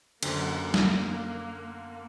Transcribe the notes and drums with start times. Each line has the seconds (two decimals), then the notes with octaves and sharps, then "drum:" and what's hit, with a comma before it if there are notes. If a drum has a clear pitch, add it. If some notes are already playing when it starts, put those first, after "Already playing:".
0.23 F#2 D3 A#3, drum: cymbal
0.74 drum: snare